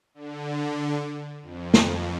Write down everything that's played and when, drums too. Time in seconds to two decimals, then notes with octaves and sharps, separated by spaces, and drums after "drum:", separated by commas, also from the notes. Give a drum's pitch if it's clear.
0.14 D3
1.43 F2
1.74 drum: snare